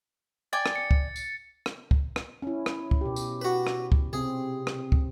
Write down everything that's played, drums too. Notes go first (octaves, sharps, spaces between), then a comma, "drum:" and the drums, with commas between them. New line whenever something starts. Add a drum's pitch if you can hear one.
D5 G5 G#5 A6
drum: rim click
C#7
drum: kick
drum: tambourine
drum: rim click
drum: kick
drum: rim click
C#4 E4
drum: rim click
drum: kick
B2 G4
drum: tambourine
F#4 B4
drum: rim click
drum: kick
C3 C4 G#4
drum: rim click
drum: kick